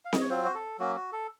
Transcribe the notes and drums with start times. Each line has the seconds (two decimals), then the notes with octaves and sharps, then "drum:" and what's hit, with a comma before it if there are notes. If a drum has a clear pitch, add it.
0.05 F5
0.13 D#5, drum: snare C4
0.21 C#5
0.29 F#3 C4 F4 C5
0.45 F#4
0.55 A4
0.79 F#3 A#3 C#4 F#4
0.96 F#4
1.12 A4